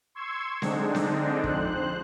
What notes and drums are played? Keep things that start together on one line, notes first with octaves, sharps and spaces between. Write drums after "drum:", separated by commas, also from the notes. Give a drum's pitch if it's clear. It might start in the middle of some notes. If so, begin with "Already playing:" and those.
C6 C#6 E6 G#6
D3 G#3 C4 D4 D#4, drum: snare C4
drum: snare C4
F2 C5 F#6, drum: kick